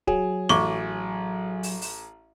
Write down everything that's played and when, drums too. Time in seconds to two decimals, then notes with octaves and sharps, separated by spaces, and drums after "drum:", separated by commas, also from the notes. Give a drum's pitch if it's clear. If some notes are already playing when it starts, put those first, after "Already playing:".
0.07 F#3 G#4, drum: kick D1
0.49 A1 C#6 D6, drum: snare
1.63 drum: open hi-hat
1.82 drum: open hi-hat